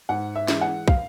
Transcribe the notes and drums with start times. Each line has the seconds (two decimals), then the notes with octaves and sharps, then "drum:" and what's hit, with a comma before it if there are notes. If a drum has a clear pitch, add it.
0.09 G#2 F#5
0.35 E5
0.48 E3 G#3, drum: snare
0.61 F#5
0.88 F5, drum: kick